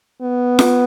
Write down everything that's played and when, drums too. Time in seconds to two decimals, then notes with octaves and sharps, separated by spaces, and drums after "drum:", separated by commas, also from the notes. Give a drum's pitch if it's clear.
0.22 B3
0.59 drum: snare F4